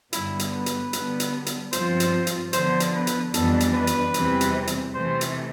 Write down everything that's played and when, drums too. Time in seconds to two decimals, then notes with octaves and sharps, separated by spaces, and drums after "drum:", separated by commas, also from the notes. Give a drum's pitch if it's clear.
0.13 G2 D3 G3 B3 E4, drum: hi-hat
0.39 drum: hi-hat
0.53 B4
0.66 drum: hi-hat
0.93 D3 G3 B3, drum: hi-hat
1.20 drum: hi-hat
1.46 drum: hi-hat
1.73 G2 F3 C4 F4 C5, drum: hi-hat
2.00 drum: hi-hat
2.27 drum: hi-hat
2.53 D3 F3 B3 C5, drum: hi-hat
2.80 drum: hi-hat
2.94 B4
3.07 drum: hi-hat
3.34 F2 E3 G3 B3 D4 A4, drum: hi-hat
3.60 drum: hi-hat
3.74 B4
3.87 drum: hi-hat
4.14 E2 C3 E3 G3 C4, drum: hi-hat
4.41 drum: hi-hat
4.67 drum: hi-hat
4.94 C3 E3 A3 C5
5.21 drum: hi-hat